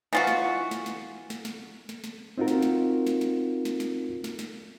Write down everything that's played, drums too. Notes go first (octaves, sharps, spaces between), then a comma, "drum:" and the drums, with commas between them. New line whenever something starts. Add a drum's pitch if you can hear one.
E3 F4 F#4, drum: snare
drum: snare
drum: snare
drum: snare
drum: snare
drum: snare
drum: snare
drum: snare
C4 D#4 F4 F#4 A#4
drum: snare
drum: snare
drum: snare
drum: snare
drum: snare
drum: snare
drum: snare
drum: snare